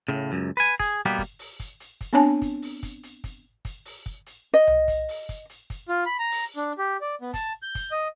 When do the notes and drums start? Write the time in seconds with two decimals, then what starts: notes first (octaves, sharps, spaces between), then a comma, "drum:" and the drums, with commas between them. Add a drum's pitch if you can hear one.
0.08 A2 C#3
0.32 C#2 F#2
0.57 B4 G#5, drum: hi-hat
0.80 G#4, drum: kick, hi-hat
1.05 B2 G3 A#3 B3 G4
1.19 drum: kick, hi-hat
1.39 drum: open hi-hat
1.60 drum: kick, hi-hat
1.80 drum: hi-hat
2.01 drum: kick, hi-hat
2.13 B3 C4 D4 C#5 G#5 A5
2.42 drum: kick, hi-hat
2.62 drum: open hi-hat
2.83 drum: kick, hi-hat
3.03 drum: hi-hat
3.24 drum: kick, hi-hat
3.65 drum: kick, hi-hat
3.85 drum: open hi-hat
4.06 drum: kick
4.26 drum: hi-hat
4.54 D#5
4.67 drum: tom C2
4.88 drum: kick, hi-hat
5.08 drum: open hi-hat
5.29 drum: kick, hi-hat
5.49 drum: hi-hat
5.70 drum: kick, hi-hat
5.89 F4
6.06 B5
6.19 A#5
6.32 drum: open hi-hat
6.56 D4
6.78 G4
7.01 D5
7.22 B3
7.34 A5, drum: kick, hi-hat
7.62 G6
7.75 drum: kick, hi-hat
7.92 D#5